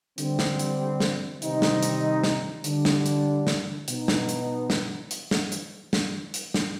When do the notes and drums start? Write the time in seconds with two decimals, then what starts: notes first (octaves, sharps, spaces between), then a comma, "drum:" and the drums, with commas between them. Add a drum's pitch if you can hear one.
0.18 D3 G3 C4, drum: hi-hat
0.39 drum: snare
0.59 drum: hi-hat
1.00 drum: snare
1.42 C3 D#3 G3 C4 D#4, drum: hi-hat
1.62 drum: snare
1.83 drum: hi-hat
2.24 drum: snare
2.64 D3 G3 D4, drum: hi-hat
2.85 drum: snare
3.06 drum: hi-hat
3.47 drum: snare
3.88 B2 B3 D#4, drum: hi-hat
4.08 drum: snare
4.29 drum: hi-hat
4.70 drum: snare
5.11 drum: hi-hat
5.31 drum: snare
5.52 drum: hi-hat
5.93 drum: snare
6.34 drum: hi-hat
6.54 drum: snare